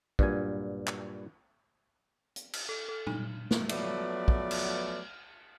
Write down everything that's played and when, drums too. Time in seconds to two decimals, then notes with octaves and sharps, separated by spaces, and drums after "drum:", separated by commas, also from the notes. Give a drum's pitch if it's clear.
0.19 G2 A#2 F#3 G#5, drum: kick
0.87 drum: clap
2.36 drum: hi-hat
2.53 drum: cymbal
2.69 A4
2.89 A4
3.07 D#4, drum: tom A#2
3.51 drum: snare
3.69 F3 F#3 A3 B3 B4 D5, drum: cymbal
4.28 drum: kick
4.51 drum: cymbal